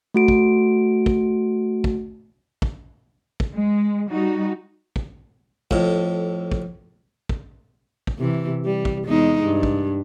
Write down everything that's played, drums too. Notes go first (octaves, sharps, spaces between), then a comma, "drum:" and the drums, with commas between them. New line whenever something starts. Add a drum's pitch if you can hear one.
A3 F#4 D7
drum: kick
drum: kick
drum: kick
drum: kick
drum: kick
G#3
G3 D#4 F#4
drum: kick
F2 A2, drum: kick
drum: kick
drum: kick
drum: kick
C3 E3
G3
drum: kick
E2 G#3 D#4
G2
drum: kick